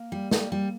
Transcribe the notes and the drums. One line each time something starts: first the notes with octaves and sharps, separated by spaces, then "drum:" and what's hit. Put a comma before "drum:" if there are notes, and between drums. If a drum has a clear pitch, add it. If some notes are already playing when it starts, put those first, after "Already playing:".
Already playing: A#3
G3
G3, drum: snare
G3